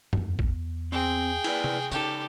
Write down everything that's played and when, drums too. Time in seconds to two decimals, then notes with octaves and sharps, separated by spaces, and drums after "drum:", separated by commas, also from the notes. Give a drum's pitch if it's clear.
0.13 E2 B3, drum: tom F#2
0.39 drum: kick
0.92 C4 G#4 G5
1.44 E4 B4 D5, drum: cymbal
1.64 drum: tom C3
1.92 C#3 C#4 D#4 G4 A4, drum: tambourine